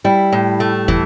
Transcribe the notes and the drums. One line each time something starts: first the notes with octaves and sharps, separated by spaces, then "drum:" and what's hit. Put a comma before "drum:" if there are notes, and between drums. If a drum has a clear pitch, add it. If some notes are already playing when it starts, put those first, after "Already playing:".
G3 E4
A2
A3
E3, drum: kick